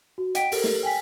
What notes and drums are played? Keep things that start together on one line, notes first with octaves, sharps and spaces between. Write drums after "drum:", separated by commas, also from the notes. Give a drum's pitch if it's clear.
F#4
D#5 F#5 G5 B6 D7, drum: hi-hat
G4 A4 A#4, drum: open hi-hat
drum: snare
G5 G#5 B6